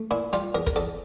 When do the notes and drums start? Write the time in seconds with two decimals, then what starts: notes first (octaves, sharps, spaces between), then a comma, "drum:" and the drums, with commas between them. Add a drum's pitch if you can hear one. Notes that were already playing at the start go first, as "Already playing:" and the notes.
Already playing: A3
0.11 A#2 E4
0.33 G3 F4, drum: hi-hat
0.55 E2 A#4
0.67 A#4, drum: kick, hi-hat
0.76 E2 A4